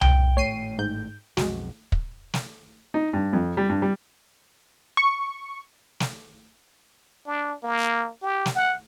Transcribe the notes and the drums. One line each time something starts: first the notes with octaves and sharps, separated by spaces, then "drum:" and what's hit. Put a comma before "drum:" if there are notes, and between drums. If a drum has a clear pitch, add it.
F2 G5, drum: tom C2
G#1 A2 A3 C#5 C7 D#7
G#2 G6
B1 F2 G#3 F#4, drum: snare
drum: kick
drum: snare
D#4
G2
F2
G3
G2
G3
C#6
drum: snare
D4
A#3
G4
drum: snare
F#5